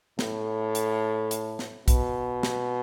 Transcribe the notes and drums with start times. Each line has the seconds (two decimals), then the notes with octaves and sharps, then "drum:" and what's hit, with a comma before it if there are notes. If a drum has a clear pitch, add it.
0.19 A2, drum: snare
0.75 drum: hi-hat
1.31 drum: hi-hat
1.59 drum: snare
1.88 B2, drum: kick, hi-hat
2.43 drum: snare